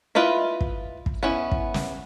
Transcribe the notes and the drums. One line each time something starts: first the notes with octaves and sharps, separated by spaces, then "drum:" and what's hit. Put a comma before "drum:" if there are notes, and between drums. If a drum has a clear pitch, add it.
E4 F4 B4 D#5 E5
drum: kick
drum: kick
B3 C#4 E4
drum: kick
drum: snare